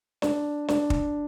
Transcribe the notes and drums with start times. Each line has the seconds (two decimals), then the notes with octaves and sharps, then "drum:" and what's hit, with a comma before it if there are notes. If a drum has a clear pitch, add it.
0.22 D4, drum: snare
0.68 D4, drum: snare
0.90 drum: kick